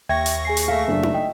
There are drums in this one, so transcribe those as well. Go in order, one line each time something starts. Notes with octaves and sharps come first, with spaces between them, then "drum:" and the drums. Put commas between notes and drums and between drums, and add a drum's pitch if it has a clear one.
D#2 E5 G5 C#6 G#6 A#6
drum: hi-hat
G#4 G#5 C7
drum: hi-hat
A3 E5 F5
F#1 D4
drum: tom D#4
D#5 G5